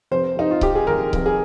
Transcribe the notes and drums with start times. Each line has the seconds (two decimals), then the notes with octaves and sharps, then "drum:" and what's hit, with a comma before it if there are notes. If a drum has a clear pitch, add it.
0.11 F1 C5
0.36 F1 D#4
0.51 F4
0.61 D#3 G4, drum: kick C#1
0.75 G#4
0.87 D#2 A#4
1.13 F1, drum: kick C#1
1.26 G#4